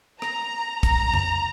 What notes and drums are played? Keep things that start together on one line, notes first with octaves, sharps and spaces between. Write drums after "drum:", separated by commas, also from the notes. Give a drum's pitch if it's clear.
A#5, drum: rim click
A#5, drum: kick, hi-hat
drum: tom F2